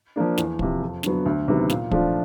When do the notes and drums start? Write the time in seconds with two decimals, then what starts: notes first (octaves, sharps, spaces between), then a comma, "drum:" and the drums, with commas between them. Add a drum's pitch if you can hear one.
0.16 F3 A#3 D4
0.38 E2, drum: snare
0.59 C3 F3, drum: kick
0.82 F2
1.03 D3 F#3 B3, drum: snare
1.26 D2
1.48 C3 D#3 F#3 B3
1.70 A#2, drum: snare
1.91 F3 A3 D4 F4, drum: kick